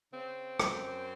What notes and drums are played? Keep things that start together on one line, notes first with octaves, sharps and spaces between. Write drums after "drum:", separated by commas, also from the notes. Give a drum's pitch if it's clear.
C#3 C4
F#2, drum: rim click